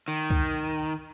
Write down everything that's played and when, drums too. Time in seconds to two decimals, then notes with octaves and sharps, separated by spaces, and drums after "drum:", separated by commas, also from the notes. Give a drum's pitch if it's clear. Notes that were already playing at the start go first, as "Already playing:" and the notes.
0.08 D#3
0.30 drum: kick C#2